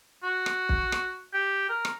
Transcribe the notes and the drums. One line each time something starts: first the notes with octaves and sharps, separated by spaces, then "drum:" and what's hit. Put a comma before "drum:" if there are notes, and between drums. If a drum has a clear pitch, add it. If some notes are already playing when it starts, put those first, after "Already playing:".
F#4
drum: rim click
drum: kick
drum: rim click
G4
A#4
drum: rim click